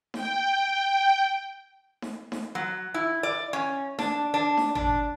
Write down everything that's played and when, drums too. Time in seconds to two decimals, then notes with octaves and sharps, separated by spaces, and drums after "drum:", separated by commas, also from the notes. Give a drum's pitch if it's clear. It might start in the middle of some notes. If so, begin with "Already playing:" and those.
0.14 G5, drum: snare D#4
2.02 drum: snare D#4
2.32 drum: snare D#4
2.55 F#3
2.94 E4
3.23 D5
3.53 C#4
3.99 D4, drum: snare D#4
4.34 D4
4.57 drum: snare D#4
4.75 D4, drum: tom G#1